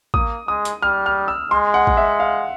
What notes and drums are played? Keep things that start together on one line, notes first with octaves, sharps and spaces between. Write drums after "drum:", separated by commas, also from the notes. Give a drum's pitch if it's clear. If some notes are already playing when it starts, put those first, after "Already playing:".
A#3 D#6, drum: kick A1
G#3 D#6
drum: hi-hat
G3 F6
F6
E6
G#3 C6
F#5
drum: kick A1
E5
F5